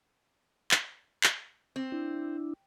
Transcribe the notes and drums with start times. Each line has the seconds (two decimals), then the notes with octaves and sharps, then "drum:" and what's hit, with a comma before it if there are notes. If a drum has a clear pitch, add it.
0.71 drum: clap
1.24 drum: clap
1.76 C4
1.92 D4 E4